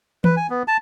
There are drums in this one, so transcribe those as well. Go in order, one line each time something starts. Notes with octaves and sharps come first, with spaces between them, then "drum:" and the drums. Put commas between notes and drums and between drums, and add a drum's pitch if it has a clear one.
B4, drum: tom E3
G#5
B3
A5